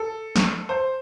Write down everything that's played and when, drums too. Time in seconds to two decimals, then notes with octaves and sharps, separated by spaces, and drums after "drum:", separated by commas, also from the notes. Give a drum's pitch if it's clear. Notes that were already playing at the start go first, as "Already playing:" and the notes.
Already playing: A4
0.36 drum: snare
0.69 C5